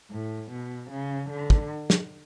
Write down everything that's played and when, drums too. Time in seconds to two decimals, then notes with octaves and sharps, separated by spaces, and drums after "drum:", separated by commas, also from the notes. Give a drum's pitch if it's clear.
0.11 A2
0.51 B2
0.90 C#3
1.30 D3
1.50 drum: kick
1.90 drum: snare